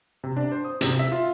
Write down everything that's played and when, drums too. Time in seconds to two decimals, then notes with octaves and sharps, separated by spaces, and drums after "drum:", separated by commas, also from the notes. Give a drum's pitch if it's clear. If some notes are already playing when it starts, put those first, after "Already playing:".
0.24 C3
0.36 D4
0.52 C5
0.65 D#6
0.81 C3, drum: hi-hat
0.99 E5
1.12 F4